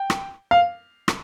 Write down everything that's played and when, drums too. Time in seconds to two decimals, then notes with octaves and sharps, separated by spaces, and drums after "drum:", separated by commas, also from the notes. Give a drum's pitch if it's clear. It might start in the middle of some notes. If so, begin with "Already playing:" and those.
Already playing: G5
0.10 drum: rim click
0.51 F5
1.08 drum: rim click